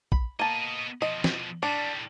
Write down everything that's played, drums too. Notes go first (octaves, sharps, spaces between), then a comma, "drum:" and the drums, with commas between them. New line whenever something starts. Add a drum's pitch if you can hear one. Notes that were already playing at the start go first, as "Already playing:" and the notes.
B5, drum: kick A#1
A#3 B3 D#5 A5
B2 F3 D#5
drum: snare
A2 G3 D4